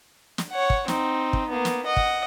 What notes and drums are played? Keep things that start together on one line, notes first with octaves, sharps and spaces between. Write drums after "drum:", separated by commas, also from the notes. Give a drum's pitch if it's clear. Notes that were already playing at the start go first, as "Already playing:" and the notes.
drum: snare
C#5 F#5
drum: kick
C4 D#4, drum: snare
drum: kick
A#3 B3
drum: snare
D#5 F#5
drum: kick